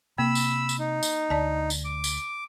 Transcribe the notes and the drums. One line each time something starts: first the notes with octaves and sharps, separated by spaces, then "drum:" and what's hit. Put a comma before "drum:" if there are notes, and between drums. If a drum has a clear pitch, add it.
C3 A#3 B5 E6
drum: tambourine
drum: tambourine
D#4
drum: tambourine
D2 D5 A5
drum: tambourine
D6
drum: tambourine